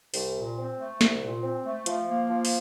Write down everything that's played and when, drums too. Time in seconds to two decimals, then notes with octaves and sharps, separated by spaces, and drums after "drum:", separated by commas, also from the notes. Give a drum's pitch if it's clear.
0.14 C2, drum: open hi-hat
0.35 A#2
0.57 C4
0.79 A3
1.01 C2, drum: snare
1.22 A#2
1.43 C4
1.65 A3
1.86 F3, drum: hi-hat
2.09 A#3
2.30 F3
2.45 drum: open hi-hat